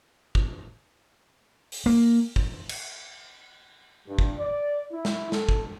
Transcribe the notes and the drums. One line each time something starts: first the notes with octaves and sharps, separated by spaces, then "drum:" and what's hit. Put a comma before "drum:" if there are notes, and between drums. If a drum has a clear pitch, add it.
drum: kick
drum: open hi-hat
A#3
drum: kick
drum: cymbal
G2
drum: kick
D5
E4
drum: snare
A4, drum: snare
drum: kick